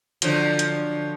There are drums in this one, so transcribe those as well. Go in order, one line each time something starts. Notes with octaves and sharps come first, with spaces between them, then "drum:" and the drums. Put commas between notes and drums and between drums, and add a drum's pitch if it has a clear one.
D3 F3 F#3, drum: hi-hat
drum: hi-hat